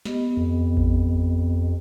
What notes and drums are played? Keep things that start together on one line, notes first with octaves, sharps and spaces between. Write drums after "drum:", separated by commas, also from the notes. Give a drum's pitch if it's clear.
B3 G4 D#5, drum: snare
F2
drum: kick A1